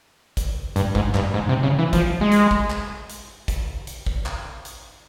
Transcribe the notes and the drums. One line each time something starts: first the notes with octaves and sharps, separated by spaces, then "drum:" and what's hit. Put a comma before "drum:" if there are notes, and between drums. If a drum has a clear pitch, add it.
drum: kick, hi-hat
G2, drum: hi-hat
G#2, drum: kick
G2, drum: clap
G#2
C3
C#3
E3
F3, drum: kick, hi-hat
G#3
drum: hi-hat
drum: kick
drum: clap
drum: hi-hat
drum: kick, hi-hat
drum: hi-hat
drum: kick
drum: clap
drum: hi-hat